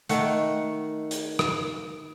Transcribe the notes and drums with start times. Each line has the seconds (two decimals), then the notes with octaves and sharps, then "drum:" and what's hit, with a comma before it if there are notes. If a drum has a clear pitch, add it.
0.09 D#3 A3 F#5, drum: hi-hat
1.11 drum: hi-hat
1.39 drum: rim click